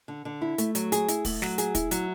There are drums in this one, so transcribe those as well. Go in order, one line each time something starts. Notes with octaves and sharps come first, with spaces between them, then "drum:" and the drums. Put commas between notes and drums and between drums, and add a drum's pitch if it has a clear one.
D3
D3
E4
A3, drum: hi-hat
F#3, drum: hi-hat
G#4, drum: hi-hat
E4, drum: hi-hat
A3, drum: kick, open hi-hat
F#3, drum: snare
G#4, drum: hi-hat
E4, drum: kick, hi-hat
F#3, drum: hi-hat